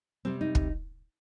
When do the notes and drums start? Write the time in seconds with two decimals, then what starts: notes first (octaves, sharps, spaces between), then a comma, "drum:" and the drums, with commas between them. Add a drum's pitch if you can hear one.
0.25 C3 G3 C4
0.41 D#4
0.55 drum: kick